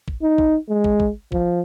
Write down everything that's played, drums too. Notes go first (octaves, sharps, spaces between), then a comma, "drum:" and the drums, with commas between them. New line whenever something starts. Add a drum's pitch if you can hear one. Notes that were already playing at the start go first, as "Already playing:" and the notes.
drum: kick
D#4
drum: kick
G#3
drum: kick
drum: kick
F3, drum: kick